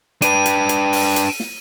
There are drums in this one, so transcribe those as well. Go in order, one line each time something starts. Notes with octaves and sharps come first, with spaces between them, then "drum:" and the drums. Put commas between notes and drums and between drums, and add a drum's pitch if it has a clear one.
D4 B4 G5 A5 D#7, drum: hi-hat
drum: hi-hat
drum: hi-hat
drum: open hi-hat
drum: hi-hat
drum: snare